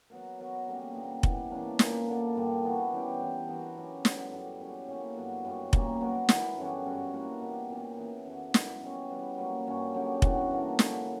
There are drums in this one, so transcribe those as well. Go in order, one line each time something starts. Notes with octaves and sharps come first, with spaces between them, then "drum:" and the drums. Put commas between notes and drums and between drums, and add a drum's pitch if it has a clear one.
F#3 B3 F#4 A#4
F#3 B3 F#4 A#4
D3 G3 A#3 C#4
A#2 G3 B3
E3 B3 D4, drum: kick F1
C#3 E3 A#3 D4
A#2 A#3 E4, drum: snare
D3 A#3 D4
G2 D3 G3
E3 B3 D4 F#4
E3 G3 C#4 G4
E3 B3 D4
E3 B3 F#4 A#4
F#3 C#4 G4
D3 F#3 B3, drum: snare
F#2 D3 G3
F#3 C#4 G4
D3 A#3 C#4 E4
G2 F#3 B3 F#4
F#2 C#3 G3
A#2 G3 A#3 C#4, drum: kick F1
F#3 B3 D4 A#4
E3 B3 E4 A#4, drum: snare
F#2 D3 G3 C#4
G2 F#3 C#4 F#4
E3 A#3 D4 F#4
B2 G3 B3 D4
A#2 A#3 C#4 G4
E3 B3 E4
F#2 D3 F#3
F#3 B3 E4 A#4, drum: snare
B2 G3 C#4
E3 G3 B3
F#3 A#3 C#4
G2 F#3 C#4
D3 F#3 C#4 G4
G2 E3 B3 F#4, drum: kick F1
D3 A#3 E4 A#4
D3 F#3 C#4 E4, drum: snare